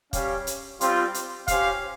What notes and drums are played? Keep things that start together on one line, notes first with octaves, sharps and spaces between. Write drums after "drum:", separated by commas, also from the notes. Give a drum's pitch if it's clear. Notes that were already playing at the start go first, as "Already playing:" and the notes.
G3 C#4 G4 C#5 F5, drum: kick, hi-hat
drum: hi-hat
G3 C4 F4, drum: hi-hat
drum: hi-hat
C#4 G4 C5 F5, drum: kick, hi-hat